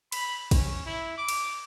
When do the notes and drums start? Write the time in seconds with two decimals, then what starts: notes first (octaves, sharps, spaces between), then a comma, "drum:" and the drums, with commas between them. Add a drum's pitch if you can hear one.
0.12 B5, drum: cymbal
0.51 C#4, drum: kick, cymbal
0.86 E4
1.18 D6
1.28 drum: cymbal